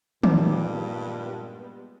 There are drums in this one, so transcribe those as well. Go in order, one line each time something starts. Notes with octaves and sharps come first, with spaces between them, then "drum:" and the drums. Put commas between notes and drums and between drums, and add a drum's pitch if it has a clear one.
G2 A#2 G3 G#3 B3 D#4 E4 D6, drum: tom D#3